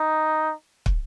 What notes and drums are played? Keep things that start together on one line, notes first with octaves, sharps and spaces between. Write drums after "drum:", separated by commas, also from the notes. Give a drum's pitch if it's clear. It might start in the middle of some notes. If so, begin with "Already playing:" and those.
Already playing: D#4
drum: kick